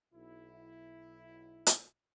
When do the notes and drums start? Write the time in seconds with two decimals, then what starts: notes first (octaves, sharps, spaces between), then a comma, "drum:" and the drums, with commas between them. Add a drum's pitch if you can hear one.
0.13 B1 E4
1.67 drum: hi-hat